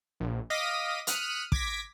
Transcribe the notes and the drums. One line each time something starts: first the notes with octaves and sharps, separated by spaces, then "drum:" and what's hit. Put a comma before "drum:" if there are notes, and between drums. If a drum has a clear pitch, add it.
A#1
D#5 F5 D6 A#6 B6 D#7
D#6 F6 F#6 B6 C#7 D#7, drum: hi-hat
D6 G#6 A#6 B6, drum: kick